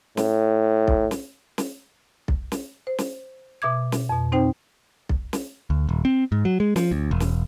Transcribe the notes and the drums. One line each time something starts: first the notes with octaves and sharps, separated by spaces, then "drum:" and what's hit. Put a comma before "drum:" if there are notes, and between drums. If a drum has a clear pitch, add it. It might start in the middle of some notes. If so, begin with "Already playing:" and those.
A2, drum: snare
drum: kick B1
drum: snare
drum: snare
drum: kick B1
drum: snare
C5
drum: snare
B2 E5 D6 G#6
drum: snare
F2 B2
C4 D#4 C5 G5
drum: kick B1
drum: snare
D2
D#1
C4
G#2
F#3
G#3
F3, drum: snare
D2
E1
drum: snare